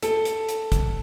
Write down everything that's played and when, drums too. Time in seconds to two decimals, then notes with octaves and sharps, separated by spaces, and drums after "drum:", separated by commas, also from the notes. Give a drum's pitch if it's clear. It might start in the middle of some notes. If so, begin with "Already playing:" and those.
0.02 A4, drum: hi-hat
0.25 drum: hi-hat
0.49 drum: hi-hat
0.72 drum: kick, hi-hat